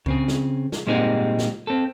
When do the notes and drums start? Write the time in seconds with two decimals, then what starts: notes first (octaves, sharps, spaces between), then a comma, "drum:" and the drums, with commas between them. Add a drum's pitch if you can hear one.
0.06 C#3 C4 G#4, drum: kick C#2
0.28 drum: snare
0.72 drum: snare
0.87 A#2 G3 G#3 C4 D#4 G#4
1.39 drum: snare
1.67 C4 A4